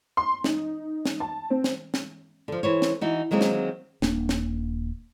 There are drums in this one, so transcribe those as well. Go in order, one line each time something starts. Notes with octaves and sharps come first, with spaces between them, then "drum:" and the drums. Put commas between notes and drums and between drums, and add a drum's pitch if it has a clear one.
C6
D#4, drum: snare
drum: snare
A5
C4
drum: snare
drum: snare
D3 F3
E3 C5 C#5
drum: snare
E3 D#4 F#4
D#3 F#3 G#3 A#3 C4
drum: snare
D#1 A#3 D4, drum: snare
drum: snare